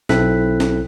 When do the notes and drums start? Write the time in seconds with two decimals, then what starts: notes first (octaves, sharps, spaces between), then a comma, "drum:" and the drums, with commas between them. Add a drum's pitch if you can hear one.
0.09 B1 C4 E4 A4 F#6 B6, drum: snare C#4
0.60 drum: snare C#4